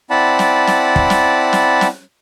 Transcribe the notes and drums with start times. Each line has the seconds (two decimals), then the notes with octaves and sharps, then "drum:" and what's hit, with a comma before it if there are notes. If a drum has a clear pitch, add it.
0.10 C4 E4 D5 F#5 A5 B5
0.39 drum: snare
0.67 drum: snare
0.96 drum: kick
1.10 drum: snare
1.53 drum: snare
1.81 drum: snare